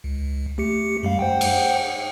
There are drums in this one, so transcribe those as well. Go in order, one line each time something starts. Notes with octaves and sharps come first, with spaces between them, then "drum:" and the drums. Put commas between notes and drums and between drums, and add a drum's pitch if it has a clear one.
C#2
A3 G4 C#7
F#2 G3 F5
C5 F#5 G5
drum: cymbal